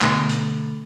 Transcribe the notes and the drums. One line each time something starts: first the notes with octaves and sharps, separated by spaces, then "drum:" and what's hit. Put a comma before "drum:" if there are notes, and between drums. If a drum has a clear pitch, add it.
B2 D3 A3, drum: clap
drum: hi-hat